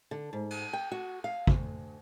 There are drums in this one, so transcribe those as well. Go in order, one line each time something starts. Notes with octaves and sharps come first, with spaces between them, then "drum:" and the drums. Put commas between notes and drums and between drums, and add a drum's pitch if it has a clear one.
D3
G#2
drum: cymbal
G5
F#4
F5
D2, drum: kick